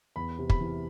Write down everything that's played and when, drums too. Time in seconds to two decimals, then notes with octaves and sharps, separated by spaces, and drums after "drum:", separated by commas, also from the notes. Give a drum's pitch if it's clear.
0.16 E2 B5
0.39 C3
0.50 B5, drum: kick
0.61 E3